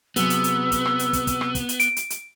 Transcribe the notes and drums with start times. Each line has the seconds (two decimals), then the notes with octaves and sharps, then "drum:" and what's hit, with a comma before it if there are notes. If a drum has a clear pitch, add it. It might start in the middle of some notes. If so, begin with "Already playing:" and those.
0.16 C3 F#3 B3 G#4 E6, drum: hi-hat
0.30 drum: hi-hat
0.44 drum: hi-hat
0.72 drum: kick, hi-hat
0.86 drum: rim click
0.99 drum: hi-hat
1.13 drum: kick, hi-hat
1.27 drum: kick, hi-hat
1.41 drum: rim click
1.55 drum: kick, hi-hat
1.69 drum: hi-hat
1.80 D7, drum: hi-hat
1.96 drum: hi-hat
2.10 drum: hi-hat